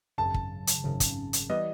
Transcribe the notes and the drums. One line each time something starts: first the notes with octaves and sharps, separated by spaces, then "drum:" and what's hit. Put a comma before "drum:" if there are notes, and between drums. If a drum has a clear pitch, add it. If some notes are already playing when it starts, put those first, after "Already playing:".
G#1 F#2 C#3 A5
drum: kick
drum: hi-hat
G#1 F#2 C#3
drum: kick, hi-hat
drum: hi-hat
E3 G3 B3 D#5